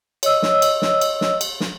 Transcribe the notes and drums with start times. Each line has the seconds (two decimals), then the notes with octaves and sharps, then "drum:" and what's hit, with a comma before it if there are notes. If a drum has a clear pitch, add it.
0.23 C#5 D#5 E6, drum: cymbal
0.42 drum: snare
0.62 drum: cymbal
0.82 drum: snare
1.01 drum: cymbal
1.21 drum: snare
1.41 drum: cymbal
1.60 drum: snare